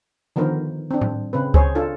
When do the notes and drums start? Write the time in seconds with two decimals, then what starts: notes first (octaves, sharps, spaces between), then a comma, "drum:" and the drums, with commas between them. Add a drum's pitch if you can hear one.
0.36 D3 D#3 F3 B3 A#4 C5
0.91 C4 D4
1.01 drum: tom A2
1.33 C#3 C4 B4
1.54 G#4 C5 C#5, drum: kick C#2
1.75 D4 F4 A4